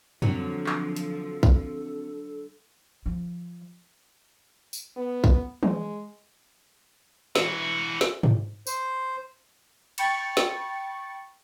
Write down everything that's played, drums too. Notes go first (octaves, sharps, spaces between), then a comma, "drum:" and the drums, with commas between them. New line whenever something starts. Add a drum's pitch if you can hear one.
D3 F3 F#3 C4 F#4 A4, drum: tom F2
drum: clap
drum: hi-hat
drum: kick
F3
drum: tambourine
B3
drum: kick
G#3, drum: tom E3
E3 F#4, drum: snare
drum: snare
drum: tom G#2
C5, drum: tambourine
G5 B5 C#6 A6 C#7, drum: cymbal
drum: snare